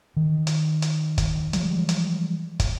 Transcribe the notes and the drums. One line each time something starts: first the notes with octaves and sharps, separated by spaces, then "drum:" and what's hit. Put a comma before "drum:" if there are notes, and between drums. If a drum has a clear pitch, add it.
D#3
drum: hi-hat
drum: hi-hat
drum: kick, hi-hat
E3 F3 G3 G#3, drum: hi-hat
drum: hi-hat
drum: kick, hi-hat